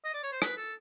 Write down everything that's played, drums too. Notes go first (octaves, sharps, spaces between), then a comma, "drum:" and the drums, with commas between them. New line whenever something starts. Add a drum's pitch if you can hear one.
D#5
D5
C#5
C5
B4, drum: rim click
A4